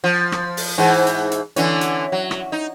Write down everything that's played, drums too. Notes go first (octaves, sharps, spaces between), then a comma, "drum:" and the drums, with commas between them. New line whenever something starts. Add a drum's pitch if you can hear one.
F3
drum: rim click
drum: open hi-hat
G#2 E3
drum: hi-hat
drum: hi-hat
D3 E3 C#4, drum: hi-hat
drum: hi-hat
F#3
drum: rim click
D#4